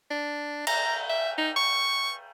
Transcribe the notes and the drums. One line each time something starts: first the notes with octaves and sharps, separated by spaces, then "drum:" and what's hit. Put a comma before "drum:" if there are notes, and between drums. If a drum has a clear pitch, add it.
D4
A#5, drum: cymbal
E5
D#4
C#6